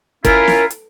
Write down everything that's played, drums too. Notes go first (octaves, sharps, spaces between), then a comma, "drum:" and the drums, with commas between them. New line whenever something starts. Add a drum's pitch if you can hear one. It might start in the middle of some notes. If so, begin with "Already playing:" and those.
C#4 E4 F4 A#4, drum: kick, hi-hat
drum: snare
drum: hi-hat